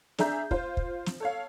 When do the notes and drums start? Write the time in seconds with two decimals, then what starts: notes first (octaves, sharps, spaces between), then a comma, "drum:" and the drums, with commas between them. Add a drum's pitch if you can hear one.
0.18 D4 G#4 E5 A#5 G6, drum: snare
0.51 F4 C5, drum: kick
0.77 drum: kick
1.06 drum: snare
1.20 A4 C#5 F5